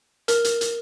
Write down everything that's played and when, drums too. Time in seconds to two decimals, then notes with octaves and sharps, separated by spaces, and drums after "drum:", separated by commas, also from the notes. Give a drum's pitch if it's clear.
0.28 A#4, drum: hi-hat
0.44 drum: hi-hat
0.61 drum: hi-hat